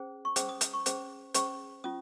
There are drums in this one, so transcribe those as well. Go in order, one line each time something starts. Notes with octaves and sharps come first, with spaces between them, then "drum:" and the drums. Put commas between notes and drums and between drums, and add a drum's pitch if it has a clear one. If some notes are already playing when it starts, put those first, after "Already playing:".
Already playing: C#4 G#4 C5
C#6
C#4 G#4 C5 D#6, drum: hi-hat
D#6
D#6, drum: hi-hat
C#6
C#4 G#4 C5, drum: hi-hat
C#4 G#4 C5 C#6, drum: hi-hat
C#4 F4 D#6